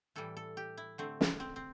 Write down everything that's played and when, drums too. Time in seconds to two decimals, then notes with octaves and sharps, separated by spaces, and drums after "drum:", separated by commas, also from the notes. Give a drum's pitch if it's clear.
0.16 A2 E3 G3 A4
0.37 A4
0.57 G4
0.77 E4
0.98 D3 A3 C4
1.21 drum: snare
1.40 C4
1.56 C4